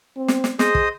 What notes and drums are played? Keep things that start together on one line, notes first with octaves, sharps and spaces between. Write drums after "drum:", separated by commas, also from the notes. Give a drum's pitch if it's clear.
C4
drum: snare
drum: snare
G#4 C5 D#5 D#6, drum: snare
drum: kick